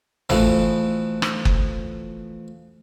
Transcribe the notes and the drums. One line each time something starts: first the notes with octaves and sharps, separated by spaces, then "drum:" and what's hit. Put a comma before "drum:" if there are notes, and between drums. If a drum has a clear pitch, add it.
B2 E3 F3 A3 B3, drum: tom
drum: rim click
drum: kick F#1